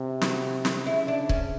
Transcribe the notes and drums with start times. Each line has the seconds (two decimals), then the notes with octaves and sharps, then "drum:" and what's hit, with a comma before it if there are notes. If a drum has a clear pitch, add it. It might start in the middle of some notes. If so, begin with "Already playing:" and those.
Already playing: C3
0.21 F#4, drum: snare
0.65 drum: snare
0.86 C#3 E4
1.08 D4
1.29 C#4, drum: kick C#1